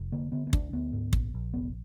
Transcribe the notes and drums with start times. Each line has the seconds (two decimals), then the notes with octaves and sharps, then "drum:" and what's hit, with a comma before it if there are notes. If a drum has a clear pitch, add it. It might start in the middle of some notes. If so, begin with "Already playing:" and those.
Already playing: F1
0.12 D3 A#3
0.32 D3 B3
0.47 B3
0.53 D2 D4, drum: kick
0.73 D2 B3
0.93 G#2
1.13 A#1, drum: kick
1.34 A#1
1.54 F1 B3